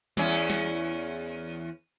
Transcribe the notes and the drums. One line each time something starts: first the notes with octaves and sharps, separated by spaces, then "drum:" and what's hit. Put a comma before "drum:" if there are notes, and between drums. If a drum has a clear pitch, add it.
E2 C#4, drum: snare
drum: snare